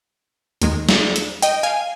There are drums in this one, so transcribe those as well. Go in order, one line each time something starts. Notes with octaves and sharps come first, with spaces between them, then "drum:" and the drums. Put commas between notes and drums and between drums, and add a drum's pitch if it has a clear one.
D#2 D#3 G#3, drum: hi-hat
drum: snare
drum: hi-hat
D#5 G5, drum: hi-hat
F5 G#5